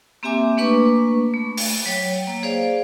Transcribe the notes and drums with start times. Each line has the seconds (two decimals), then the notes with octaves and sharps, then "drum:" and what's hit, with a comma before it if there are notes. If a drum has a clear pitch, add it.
0.23 A#3 C4 G4 E5 G#5 D6
0.57 A3 A#3 D4 B4 C#6 D6
1.34 A3
1.57 drum: open hi-hat
1.86 F#3 C#5 G5
2.27 A#3
2.43 G#4 C5 D5 F5